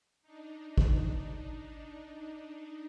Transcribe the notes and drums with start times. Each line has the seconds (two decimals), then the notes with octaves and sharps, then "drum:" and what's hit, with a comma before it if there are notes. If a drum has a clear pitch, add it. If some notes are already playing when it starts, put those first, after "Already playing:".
0.22 D4 D#4
0.78 drum: kick G#1